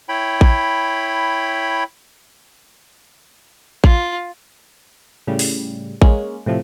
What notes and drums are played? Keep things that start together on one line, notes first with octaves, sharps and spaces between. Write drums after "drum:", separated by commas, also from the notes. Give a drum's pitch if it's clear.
E4 C#5 G5 B5
drum: kick A1
F4, drum: kick A1
A2 C#3 G3
drum: open hi-hat
G#3 A#3 C#4, drum: kick A1
A2 C3 F3